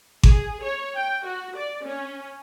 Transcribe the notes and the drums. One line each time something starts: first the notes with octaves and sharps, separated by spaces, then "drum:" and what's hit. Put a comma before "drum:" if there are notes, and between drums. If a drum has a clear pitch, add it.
G#4, drum: kick G#1
C#5
G5
F#4
D5
C#4